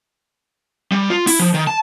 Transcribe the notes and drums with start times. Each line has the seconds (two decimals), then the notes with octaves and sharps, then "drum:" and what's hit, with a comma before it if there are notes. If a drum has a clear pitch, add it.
0.92 G3
1.10 F4
1.27 E4, drum: open hi-hat
1.39 F3
1.54 D#3
1.67 A5